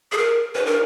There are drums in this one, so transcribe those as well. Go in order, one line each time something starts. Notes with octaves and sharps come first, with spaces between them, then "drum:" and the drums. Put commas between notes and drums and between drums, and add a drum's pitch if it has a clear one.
G#4
A#4
B4, drum: cymbal
A#4